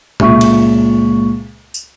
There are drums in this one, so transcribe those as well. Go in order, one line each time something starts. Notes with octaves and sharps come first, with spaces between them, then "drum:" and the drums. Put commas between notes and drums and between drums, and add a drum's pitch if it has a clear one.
C#2 A#2 E5 C#6, drum: tom B2
drum: cymbal
drum: tambourine